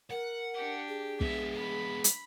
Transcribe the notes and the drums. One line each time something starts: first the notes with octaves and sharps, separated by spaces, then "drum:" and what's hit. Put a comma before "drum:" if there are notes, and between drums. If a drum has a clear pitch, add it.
A#4 F#5
D4 G4
G#4
G#3 B3 E5, drum: kick
B5
drum: hi-hat